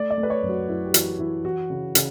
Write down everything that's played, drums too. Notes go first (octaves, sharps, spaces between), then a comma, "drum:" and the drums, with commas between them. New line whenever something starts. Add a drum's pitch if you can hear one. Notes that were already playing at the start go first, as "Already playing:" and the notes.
Already playing: A3 D5
D5
A3
B4
C#5
F#2
F#4
F#2 E4
G4
E3 F#4, drum: hi-hat
E3 E4
E3 F#4
C#3
C#3, drum: hi-hat